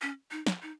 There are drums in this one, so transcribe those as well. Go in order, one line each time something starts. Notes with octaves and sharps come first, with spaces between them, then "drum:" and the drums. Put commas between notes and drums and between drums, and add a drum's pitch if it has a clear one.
C#4
D#4
drum: snare
D#4